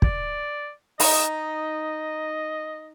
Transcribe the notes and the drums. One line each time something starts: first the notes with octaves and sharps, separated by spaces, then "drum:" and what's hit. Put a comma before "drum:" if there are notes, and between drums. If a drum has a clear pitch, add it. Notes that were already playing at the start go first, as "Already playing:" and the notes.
D5, drum: kick
D#4 D#5, drum: open hi-hat